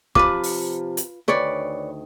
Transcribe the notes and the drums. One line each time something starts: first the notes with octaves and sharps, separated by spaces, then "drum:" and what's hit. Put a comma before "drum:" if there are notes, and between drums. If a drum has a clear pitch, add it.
C3 F3 F4 B4 D6, drum: kick
drum: open hi-hat
drum: hi-hat
D2 D#3 B4 C#5 D5